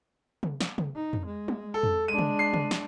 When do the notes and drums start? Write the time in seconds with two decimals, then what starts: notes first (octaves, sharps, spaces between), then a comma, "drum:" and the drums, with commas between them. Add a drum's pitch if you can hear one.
0.43 drum: tom
0.61 drum: snare
0.78 drum: tom
0.96 D#4
1.13 drum: tom
1.27 G#3
1.48 drum: tom
1.74 A4
1.83 drum: tom
2.08 G#3 D4 D#7
2.18 drum: tom
2.39 C7
2.54 drum: tom
2.71 drum: snare